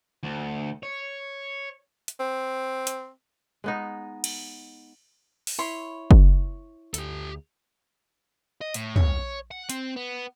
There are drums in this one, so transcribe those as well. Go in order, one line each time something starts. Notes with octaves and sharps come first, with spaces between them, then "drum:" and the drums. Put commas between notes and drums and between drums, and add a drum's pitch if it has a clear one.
D2
C#5
drum: hi-hat
C4
drum: hi-hat
G#3 B3 D#4
drum: cymbal
drum: open hi-hat
E4 C#5 C6
drum: kick F#1
D2 G4 A4, drum: hi-hat
D#5
A2, drum: hi-hat
C#5, drum: tom
F#5
C4, drum: hi-hat
B3